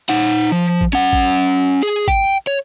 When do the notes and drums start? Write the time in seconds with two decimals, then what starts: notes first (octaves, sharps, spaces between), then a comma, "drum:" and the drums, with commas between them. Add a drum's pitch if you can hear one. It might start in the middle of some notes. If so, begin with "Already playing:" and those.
0.09 D#4 F#5
0.52 F3
0.81 drum: kick G#1
0.93 C#4 F#5
1.13 drum: kick G#1
1.83 G#4
2.08 G5, drum: kick G#1
2.47 C#5